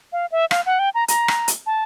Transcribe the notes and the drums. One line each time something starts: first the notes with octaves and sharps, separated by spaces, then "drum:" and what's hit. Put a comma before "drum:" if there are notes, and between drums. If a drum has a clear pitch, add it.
F5
E5
F5, drum: rim click
F#5
G5
A#5
A#5, drum: hi-hat
drum: rim click
drum: hi-hat
A5